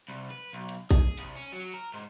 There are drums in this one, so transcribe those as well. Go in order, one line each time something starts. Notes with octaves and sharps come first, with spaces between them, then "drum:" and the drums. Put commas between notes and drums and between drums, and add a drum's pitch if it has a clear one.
C2
B4
B1
drum: hi-hat
G#4, drum: kick A1, open hi-hat
C2, drum: hi-hat
C#4
F#3
A#4
G#2